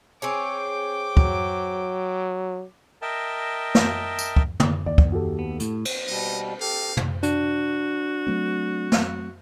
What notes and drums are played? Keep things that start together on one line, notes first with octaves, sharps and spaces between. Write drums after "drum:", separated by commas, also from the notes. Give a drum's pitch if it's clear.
C4 G#4 C#5 G5 D6
F#3, drum: kick
A#4 D#5 E5 G5 A5
drum: snare
drum: tambourine
drum: kick
drum: tom
D#2 D5
drum: kick
F#4 G4 A4
B3
A2, drum: hi-hat
drum: cymbal
B2 G3 D#5
G4 A4 F5
drum: tom
D4 F#4, drum: hi-hat
F#3 A3 C4
drum: snare